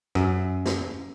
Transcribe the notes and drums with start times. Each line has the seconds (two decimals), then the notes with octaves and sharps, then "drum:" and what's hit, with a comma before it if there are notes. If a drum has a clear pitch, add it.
0.15 F#2, drum: rim click
0.66 drum: snare